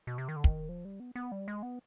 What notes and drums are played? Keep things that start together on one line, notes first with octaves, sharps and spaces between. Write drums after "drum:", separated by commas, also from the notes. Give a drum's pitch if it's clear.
B2
C3
D#3
D3
D#3, drum: kick
F3
G3
B3
B3
G3
G#3
B3